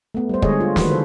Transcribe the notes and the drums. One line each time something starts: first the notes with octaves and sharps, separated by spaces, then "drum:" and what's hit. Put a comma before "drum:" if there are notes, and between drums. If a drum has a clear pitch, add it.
A3 B3
G3 C5
D3 G3 G#3 G#4 C#5 D#5, drum: kick
F4
D#3 E3 F#4 B4, drum: snare
D3 A4 C5